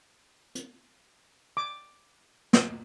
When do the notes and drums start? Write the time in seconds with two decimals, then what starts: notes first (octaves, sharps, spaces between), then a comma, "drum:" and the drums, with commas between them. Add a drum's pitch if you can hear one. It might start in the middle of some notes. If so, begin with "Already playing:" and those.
0.55 drum: hi-hat
1.57 D6
2.53 drum: snare